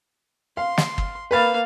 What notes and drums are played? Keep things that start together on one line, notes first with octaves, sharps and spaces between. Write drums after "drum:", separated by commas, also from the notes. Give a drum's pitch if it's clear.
F5 C6
drum: snare
drum: kick
A#3 B4 F5 B5 A6